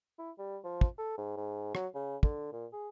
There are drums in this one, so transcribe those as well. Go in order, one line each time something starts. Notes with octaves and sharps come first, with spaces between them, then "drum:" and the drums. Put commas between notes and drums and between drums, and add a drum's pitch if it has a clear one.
E4
G3
F3
drum: kick
A4
G#2
G#2
F#3, drum: rim click
C#3
D3, drum: kick
A#2
G#4